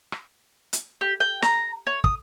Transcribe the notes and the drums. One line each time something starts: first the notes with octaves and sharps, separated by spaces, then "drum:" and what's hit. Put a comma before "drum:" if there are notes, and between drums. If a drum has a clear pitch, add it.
drum: rim click
drum: hi-hat
G4
G5
A#5, drum: snare
C#5
D#6, drum: kick